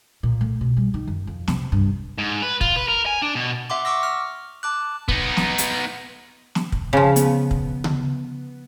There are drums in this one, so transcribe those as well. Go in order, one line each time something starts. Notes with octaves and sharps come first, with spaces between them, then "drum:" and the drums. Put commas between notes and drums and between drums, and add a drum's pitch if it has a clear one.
A#2
A3
B2
G3
D#3
F#2
F2
C3, drum: snare
G2
G#2
B4
F4, drum: kick
B4
A#4
G#5
D4
B2
E5 F#5 C6 D6
C#6 D6 E6 A#6
F6
A5 D6 F#6
B3 D#4, drum: kick
drum: snare
drum: hi-hat
drum: snare
drum: kick
C#3 F3
B3, drum: hi-hat
drum: kick
drum: tom C#3